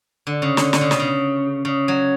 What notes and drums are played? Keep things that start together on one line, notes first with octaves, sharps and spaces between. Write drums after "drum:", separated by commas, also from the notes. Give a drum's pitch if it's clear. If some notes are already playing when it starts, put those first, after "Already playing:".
D3
C#3
D3, drum: snare
D3, drum: snare
C#3
B2, drum: snare
C#3
C#3
F#3